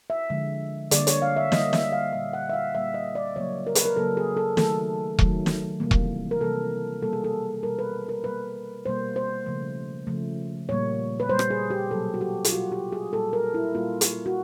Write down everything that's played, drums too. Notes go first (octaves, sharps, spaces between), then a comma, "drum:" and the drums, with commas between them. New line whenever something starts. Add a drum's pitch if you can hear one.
E5
D3 F3 G#3
D3 G3 A#3 D5, drum: hi-hat
C#5, drum: hi-hat
F5
E5
D3 G3 A#3 D#5, drum: snare
E5, drum: snare
F5
A#2 G3 A#3 E5
F#5
E5
F5
A#2 G3 A#3 E5
D#5
D5
C#3 F#3 A#3 C#5
A#4
B4, drum: hi-hat
A#4
C#3 F#3 A#3 A4
G#4
A4
D#3 F#3 A3 A4, drum: snare
D#3 F#3 A3, drum: kick E1
drum: snare
C3 E3 G3 A#3
drum: kick E1
A#4
C3 E3 G3 A#3 A4
B2 G3 A#3 A4
G#4
A4
B2 G3 A#3 A#4
B4
A#4
B2 G3 A#3 B4
B2 G3 A#3 C5
C5
C#3 F3 A3
C#3 F3 A3
A#2 G3 A#3 C#5
B4
A#2 G3 A#3 C5
drum: rim click
G#4
G4
B2 F#3 A#3 A4
F#4
G4
F4, drum: hi-hat
B2 F#3 A#3 F#4
G4
G#4
A#2 G3 A#3 A4
A#4
E4
A#2 G3 A#3 F4
drum: hi-hat
F#4